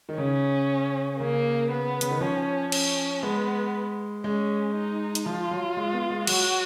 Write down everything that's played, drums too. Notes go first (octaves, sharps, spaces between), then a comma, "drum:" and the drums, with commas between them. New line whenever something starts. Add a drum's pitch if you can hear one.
D#3
C#3 C#4
C#3 A#3
B3
C#3, drum: hi-hat
D#3
F3 C#4
C#4, drum: cymbal
G#3 B3
G#3 C#4
D#4
drum: hi-hat
F3 F4
F#3
G#3
B3
G#3
F#3 F#4, drum: cymbal